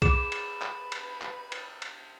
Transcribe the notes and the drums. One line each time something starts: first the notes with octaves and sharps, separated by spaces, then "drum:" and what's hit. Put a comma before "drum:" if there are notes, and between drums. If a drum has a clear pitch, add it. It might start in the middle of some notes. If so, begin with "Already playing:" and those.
G#4 B4 D6 E7, drum: kick B1, cymbal
drum: cymbal
drum: clap
drum: cymbal
drum: clap
drum: cymbal
drum: cymbal